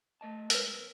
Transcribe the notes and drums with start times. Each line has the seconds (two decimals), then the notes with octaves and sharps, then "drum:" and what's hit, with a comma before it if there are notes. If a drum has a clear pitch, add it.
0.21 A3 D#5 A5
0.50 G#3 A#4 B4, drum: hi-hat
0.67 B1